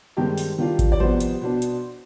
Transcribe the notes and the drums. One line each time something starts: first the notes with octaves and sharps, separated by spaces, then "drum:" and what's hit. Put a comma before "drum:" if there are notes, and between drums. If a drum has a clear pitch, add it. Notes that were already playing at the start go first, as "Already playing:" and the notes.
G2 D#3 G#3 C4 G4
drum: open hi-hat
D#3 G3 D4 F4
drum: kick G#1, hi-hat
D5
F2 C3 G3 B3 C5
drum: hi-hat
B2 B3 D4
drum: hi-hat